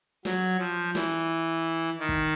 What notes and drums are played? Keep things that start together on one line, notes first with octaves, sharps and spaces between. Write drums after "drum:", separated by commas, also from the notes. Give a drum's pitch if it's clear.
F#3, drum: snare
F3
E3, drum: snare
D#3
drum: kick